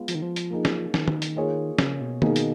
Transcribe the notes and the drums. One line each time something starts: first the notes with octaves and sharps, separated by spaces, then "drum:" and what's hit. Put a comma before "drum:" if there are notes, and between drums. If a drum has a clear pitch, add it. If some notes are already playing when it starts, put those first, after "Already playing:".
Already playing: G#3 B3 F4
F3, drum: hi-hat
D#3
F3
drum: hi-hat
A#3 D#4 G#4
drum: snare
D#3, drum: snare
drum: tom
drum: hi-hat
A#3 F4 G#4 C#5
C#3, drum: snare
B2
B2 D#3 A#3 D#4 G#4, drum: tom
drum: hi-hat